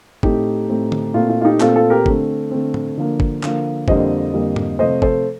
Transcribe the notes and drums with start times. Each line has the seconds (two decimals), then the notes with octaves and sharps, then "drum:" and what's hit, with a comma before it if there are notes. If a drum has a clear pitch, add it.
0.23 A2 A3 C4 D#4 G4, drum: kick G1
0.69 A2 A3 C4
0.92 drum: tom D3
1.14 A#2 A3 C4 F4
1.30 F4
1.41 F4
1.45 D#4 G4
1.60 A#2 A3 C4 F4 A4, drum: clap
1.76 F4 A4
1.90 G4 A#4
2.06 D3 A3 C4, drum: kick G1
2.51 D3 A3 C4
2.74 drum: tom A2
2.97 D3 F3 A#3
3.20 drum: kick G1
3.43 D3 F3 A#3, drum: clap
3.88 F2 D3 G3 A#3 C5 D#5, drum: kick G1
4.34 F2 D3 G3 A#3
4.56 drum: tom G#2
4.79 C3 F3 A3 C5 D#5
5.02 A4 C5, drum: kick G1